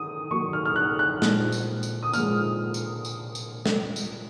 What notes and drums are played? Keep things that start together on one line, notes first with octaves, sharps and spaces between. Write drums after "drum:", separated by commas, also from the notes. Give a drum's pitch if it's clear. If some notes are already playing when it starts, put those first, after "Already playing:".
Already playing: D#3 D#6
D#3 F#3 A#3 C#6
F6
F6
F#6
F#6
A#2 F3 G#3, drum: snare
drum: tambourine
drum: tambourine
D#6
A#2 F3 G#3 F6, drum: tambourine
drum: tambourine
drum: tambourine
drum: tambourine
drum: snare
drum: tambourine